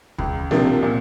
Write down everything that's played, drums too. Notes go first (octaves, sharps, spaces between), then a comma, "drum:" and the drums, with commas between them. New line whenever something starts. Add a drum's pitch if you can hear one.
C#2, drum: kick
C3 F3 A#3 D4, drum: snare
A#2